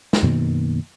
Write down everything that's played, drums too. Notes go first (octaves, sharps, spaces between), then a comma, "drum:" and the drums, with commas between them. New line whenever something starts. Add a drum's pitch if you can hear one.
drum: snare
F#2 B2 D#3 A#3